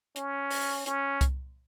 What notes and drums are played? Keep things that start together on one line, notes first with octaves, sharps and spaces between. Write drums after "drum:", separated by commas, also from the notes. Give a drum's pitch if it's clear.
C#4, drum: hi-hat
drum: open hi-hat
C#4, drum: hi-hat
drum: kick C2, hi-hat